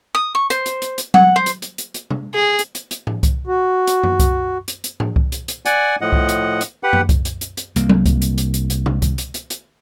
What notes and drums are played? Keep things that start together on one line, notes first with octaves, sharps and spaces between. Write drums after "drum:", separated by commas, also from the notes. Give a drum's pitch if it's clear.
D#6
C#6
C5, drum: hi-hat
drum: hi-hat
drum: hi-hat
drum: hi-hat
F#5, drum: tom F#3
C5
drum: hi-hat
drum: hi-hat
drum: hi-hat
drum: hi-hat
drum: tom C3
G#4
drum: hi-hat
drum: hi-hat
drum: hi-hat
drum: tom A2
drum: kick C2, hi-hat
F#4
drum: hi-hat
drum: tom F#2
drum: kick C2, hi-hat
drum: hi-hat
drum: hi-hat
drum: tom A2
drum: kick C2
drum: hi-hat
drum: hi-hat
D5 F#5 G#5, drum: hi-hat
A2 F3 D#5 F#5
drum: kick C2
drum: hi-hat
drum: hi-hat
G4 B4 F#5
drum: tom F#2
drum: kick C2, hi-hat
drum: hi-hat
drum: hi-hat
drum: hi-hat
C2 A#3, drum: hi-hat
drum: tom F#3
drum: kick C2, hi-hat
drum: hi-hat
drum: hi-hat
drum: hi-hat
drum: hi-hat
drum: tom C3
drum: kick C2, hi-hat
drum: hi-hat
drum: hi-hat
drum: hi-hat